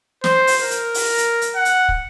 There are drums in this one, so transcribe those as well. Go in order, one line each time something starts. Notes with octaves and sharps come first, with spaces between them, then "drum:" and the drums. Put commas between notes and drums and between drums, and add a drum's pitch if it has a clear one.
C5, drum: snare
drum: open hi-hat
A#4
drum: hi-hat
drum: open hi-hat
drum: hi-hat
drum: hi-hat
F#5
drum: hi-hat
drum: kick